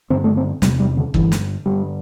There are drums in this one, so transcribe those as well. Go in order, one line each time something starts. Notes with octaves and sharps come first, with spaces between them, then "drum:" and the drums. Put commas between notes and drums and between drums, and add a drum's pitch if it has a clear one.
G2 D3 C4
A3
C4
E2 C3 G3, drum: snare
G3
D3
G2 D3 E3, drum: kick
drum: snare
G2 D3 G3